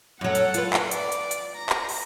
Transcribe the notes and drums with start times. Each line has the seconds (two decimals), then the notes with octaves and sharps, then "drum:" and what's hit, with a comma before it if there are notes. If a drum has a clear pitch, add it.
0.21 F#2 F#3 A4 F#5
0.35 drum: hi-hat
0.54 F4 B4, drum: hi-hat
0.73 drum: clap
0.91 D5, drum: hi-hat
1.12 drum: hi-hat
1.31 drum: hi-hat
1.55 A#5
1.69 drum: clap
1.89 drum: open hi-hat